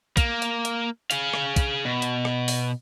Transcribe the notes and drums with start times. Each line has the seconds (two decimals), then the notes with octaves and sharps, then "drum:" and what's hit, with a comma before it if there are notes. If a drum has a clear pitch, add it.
0.17 A#3, drum: kick, hi-hat
0.42 drum: hi-hat
0.65 drum: hi-hat
1.11 G#4 F5, drum: hi-hat
1.34 drum: rim click
1.56 drum: kick, hi-hat
1.85 B2
2.02 drum: hi-hat
2.25 drum: rim click
2.48 drum: open hi-hat